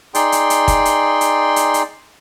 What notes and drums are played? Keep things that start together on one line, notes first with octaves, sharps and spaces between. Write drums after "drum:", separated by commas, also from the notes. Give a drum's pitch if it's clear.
D#4 G#4 D5 G5 C6, drum: hi-hat
drum: hi-hat
drum: hi-hat
drum: kick, hi-hat
drum: hi-hat
drum: hi-hat
drum: hi-hat
drum: hi-hat